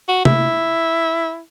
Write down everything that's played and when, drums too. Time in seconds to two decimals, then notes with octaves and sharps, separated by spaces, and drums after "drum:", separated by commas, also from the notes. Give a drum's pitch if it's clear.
0.09 F#4
0.25 E4, drum: tom C3